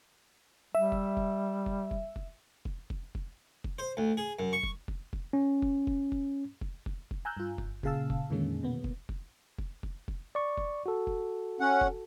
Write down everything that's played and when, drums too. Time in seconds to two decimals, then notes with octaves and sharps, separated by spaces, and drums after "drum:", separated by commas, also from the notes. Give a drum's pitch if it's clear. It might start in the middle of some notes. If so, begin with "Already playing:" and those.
0.75 G3 E5
0.92 drum: kick F1
1.17 drum: kick F1
1.66 drum: kick F1
1.91 drum: kick F1
2.16 drum: kick F1
2.65 drum: kick F1
2.90 drum: kick F1
3.15 drum: kick F1
3.64 drum: kick F1
3.79 C5
3.97 D2
4.17 G#4
4.39 F#2
4.53 C#6
4.63 drum: kick F1
4.88 drum: kick F1
5.13 drum: kick F1
5.33 C#4
5.62 drum: kick F1
5.87 drum: kick F1
6.12 drum: kick F1
6.61 drum: kick F1
6.86 drum: kick F1
7.11 drum: kick F1
7.25 G#5 A#5 E6 F#6 G6
7.37 G2 F4
7.58 G1, drum: kick F1
7.83 A#2 C#3 G#4 F5 A5 E6, drum: kick F1
8.10 drum: kick F1
8.30 F2 A#2 D3 D#3 G#3 C#4
8.63 B2 A#3 B3
8.84 drum: kick F1
9.09 drum: kick F1
9.59 drum: kick F1
9.83 drum: kick F1
10.08 drum: kick F1
10.35 D5 C#6
10.58 drum: kick F1
10.86 F#4 A4
11.07 drum: kick F1
11.60 C#4 F#5
11.81 drum: kick F1